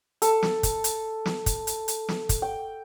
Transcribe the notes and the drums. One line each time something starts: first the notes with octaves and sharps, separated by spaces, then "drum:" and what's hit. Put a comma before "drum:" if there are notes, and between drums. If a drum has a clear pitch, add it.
A4, drum: hi-hat
drum: snare
drum: kick, hi-hat
drum: hi-hat
drum: snare
drum: kick, hi-hat
drum: hi-hat
drum: hi-hat
drum: snare
drum: kick, hi-hat
G5